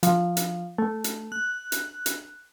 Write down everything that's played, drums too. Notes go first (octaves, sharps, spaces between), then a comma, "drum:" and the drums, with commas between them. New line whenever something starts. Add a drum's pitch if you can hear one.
F3, drum: hi-hat
drum: hi-hat
A3
drum: hi-hat
F#6
drum: hi-hat
drum: hi-hat